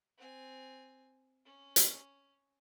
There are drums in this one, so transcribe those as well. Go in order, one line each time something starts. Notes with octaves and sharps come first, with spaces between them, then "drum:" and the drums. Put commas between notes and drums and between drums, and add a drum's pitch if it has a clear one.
C4 G#5
C#4
drum: hi-hat